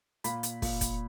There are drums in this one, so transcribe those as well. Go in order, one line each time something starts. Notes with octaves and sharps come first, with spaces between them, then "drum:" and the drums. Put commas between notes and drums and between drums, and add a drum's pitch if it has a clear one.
A#2 B5, drum: hi-hat
drum: hi-hat
A#2, drum: kick, open hi-hat
drum: kick, hi-hat